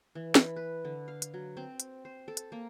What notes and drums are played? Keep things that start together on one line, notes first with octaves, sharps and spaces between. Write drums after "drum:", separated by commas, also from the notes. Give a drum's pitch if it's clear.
E3
B5, drum: snare
B4
D3
F5
drum: hi-hat
F#3
C4
drum: hi-hat
C5
A4
drum: hi-hat
A#3